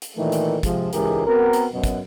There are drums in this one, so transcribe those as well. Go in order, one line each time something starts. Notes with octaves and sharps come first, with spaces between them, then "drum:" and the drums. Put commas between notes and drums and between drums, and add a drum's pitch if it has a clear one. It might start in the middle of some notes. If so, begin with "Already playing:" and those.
drum: hi-hat
A#2 D#3 E3 A3
drum: hi-hat
C3 F3 G#3, drum: kick, hi-hat
C#2 G#2 E3 G4 G#4 A#4, drum: hi-hat
B3 C4 F#4 A#4
drum: hi-hat
F#2 B2
drum: kick, hi-hat